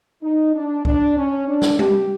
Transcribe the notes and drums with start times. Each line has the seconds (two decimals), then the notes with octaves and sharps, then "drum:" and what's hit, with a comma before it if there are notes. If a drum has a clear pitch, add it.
0.23 D#4
0.54 D4
0.85 D4, drum: kick C2
1.17 C#4
1.48 D4
1.62 drum: snare
1.79 G4, drum: tom G3